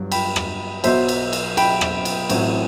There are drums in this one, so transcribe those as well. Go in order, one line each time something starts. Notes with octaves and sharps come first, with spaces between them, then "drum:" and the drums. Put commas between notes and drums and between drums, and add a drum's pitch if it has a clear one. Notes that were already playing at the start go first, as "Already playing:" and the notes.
Already playing: G1 G2 F#3
G5 B5, drum: cymbal
drum: rim click
B1 B2 F#3 C5 E5, drum: cymbal
drum: cymbal
drum: cymbal
G5 B5, drum: cymbal
drum: rim click
drum: cymbal
A1 A2 F#3 C4 E4, drum: cymbal